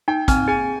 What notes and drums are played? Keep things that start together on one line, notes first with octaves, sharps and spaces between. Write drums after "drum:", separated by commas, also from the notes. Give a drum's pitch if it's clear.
D#4 G5
C4 G#5, drum: kick, hi-hat
G#4 G#5